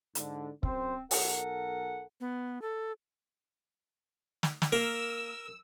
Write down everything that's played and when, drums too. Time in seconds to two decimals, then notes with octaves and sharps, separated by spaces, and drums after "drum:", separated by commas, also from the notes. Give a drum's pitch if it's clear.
0.15 G#2 D3, drum: hi-hat
0.63 F#2 C4 C5, drum: kick
1.11 B1 A4 A#4 F#5, drum: open hi-hat
2.20 B3
2.62 A4
4.43 drum: snare
4.62 drum: snare
4.72 A#3 A#4 E6